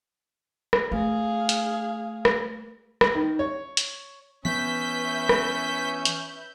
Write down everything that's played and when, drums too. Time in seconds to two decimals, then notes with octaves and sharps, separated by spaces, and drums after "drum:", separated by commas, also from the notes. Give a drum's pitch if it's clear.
0.73 drum: rim click
0.92 A3 G#4 F5
1.49 drum: hi-hat
2.25 drum: rim click
3.01 drum: rim click
3.15 D#3
3.39 C#5
3.77 drum: hi-hat
4.45 E3 B3 C#4 B4 E5 G6 B6
5.29 drum: rim click
6.05 drum: hi-hat